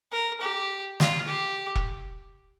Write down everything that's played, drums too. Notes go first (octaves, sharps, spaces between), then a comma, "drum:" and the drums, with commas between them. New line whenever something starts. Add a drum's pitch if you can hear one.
A#4
G4
F4, drum: snare
G4
drum: kick E1